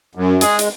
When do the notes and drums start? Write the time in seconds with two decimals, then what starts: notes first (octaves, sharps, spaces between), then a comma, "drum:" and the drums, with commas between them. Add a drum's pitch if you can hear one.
0.15 F#2
0.41 G#3 G#4, drum: hi-hat
0.59 drum: hi-hat